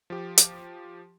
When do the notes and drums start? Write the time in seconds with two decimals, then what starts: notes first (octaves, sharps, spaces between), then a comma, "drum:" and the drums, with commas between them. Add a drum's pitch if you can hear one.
0.10 F3 G4
0.38 drum: hi-hat